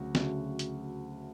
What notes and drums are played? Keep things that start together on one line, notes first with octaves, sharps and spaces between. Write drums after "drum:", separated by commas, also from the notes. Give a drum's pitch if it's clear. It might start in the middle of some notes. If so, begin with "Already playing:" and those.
Already playing: D2 C#3 F#3 F#4
D2 C#3 F#3, drum: snare
drum: hi-hat